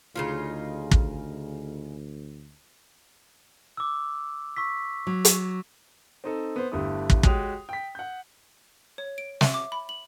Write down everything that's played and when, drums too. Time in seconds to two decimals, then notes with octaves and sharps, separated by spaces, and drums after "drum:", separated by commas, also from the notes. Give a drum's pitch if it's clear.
0.16 D2 C#3 D#4 F4
0.91 drum: kick
3.77 D6 E6
4.57 C#6 E6 B6
5.07 F#3
5.25 drum: hi-hat
6.24 C4 D#4 A4
6.56 B3 C5
6.72 G1 D3 G3 A3 E4 D#6
7.10 drum: kick
7.23 G#3 F#4 G4 C#5 D#6 F7, drum: kick
7.69 G5 B6
7.95 F#5 G6
8.98 C#5
9.18 D7
9.41 E5, drum: snare
9.54 D6
9.72 B5
9.89 F#7